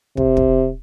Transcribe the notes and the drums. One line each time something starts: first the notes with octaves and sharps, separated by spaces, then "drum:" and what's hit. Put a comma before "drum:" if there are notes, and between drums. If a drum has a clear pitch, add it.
C3, drum: kick
drum: kick